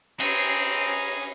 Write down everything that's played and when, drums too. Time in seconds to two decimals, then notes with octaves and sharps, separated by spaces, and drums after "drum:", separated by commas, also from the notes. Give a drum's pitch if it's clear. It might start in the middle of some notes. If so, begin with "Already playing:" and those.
0.20 C4 C#4 G#4 B4 A#5, drum: cymbal